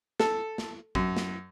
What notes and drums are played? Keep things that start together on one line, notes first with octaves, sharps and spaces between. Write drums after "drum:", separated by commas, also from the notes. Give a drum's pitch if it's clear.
A4, drum: snare
drum: snare
F#2, drum: kick
drum: snare